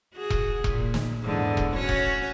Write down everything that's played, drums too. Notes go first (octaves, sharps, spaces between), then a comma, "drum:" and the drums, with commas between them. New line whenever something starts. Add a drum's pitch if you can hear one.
F#4 G#4
drum: kick E1
A#2, drum: kick E1
drum: snare
E2 G#2 D3
drum: kick E1
C#4 F#4 C#5
drum: kick E1